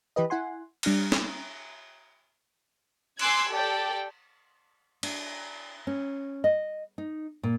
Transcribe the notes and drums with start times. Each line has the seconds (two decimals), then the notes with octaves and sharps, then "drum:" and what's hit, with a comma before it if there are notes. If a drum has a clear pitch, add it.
0.16 E3 G4 B4 D#5
0.30 E4 F#5 G#5 C6
0.83 G3 D4 F6 A#6 C#7, drum: cymbal
1.12 drum: snare
3.19 G#5 C6 D6 E6 F#6 G#6, drum: cymbal
3.49 G4 A4 D5 G5
5.03 D4, drum: cymbal
5.87 C#4
6.44 D#5
6.98 D#4
7.43 A#2